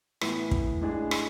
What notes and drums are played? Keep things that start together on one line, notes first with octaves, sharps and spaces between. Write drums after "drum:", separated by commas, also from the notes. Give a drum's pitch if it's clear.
A2 E3 B3 E4, drum: rim click
drum: kick
A2 G#3 D4 G#4
drum: rim click